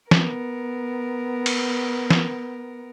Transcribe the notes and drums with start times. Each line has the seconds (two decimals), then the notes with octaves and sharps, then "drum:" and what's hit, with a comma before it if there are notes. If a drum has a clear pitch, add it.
0.11 B3 A#4, drum: snare
1.46 drum: cymbal
2.10 drum: snare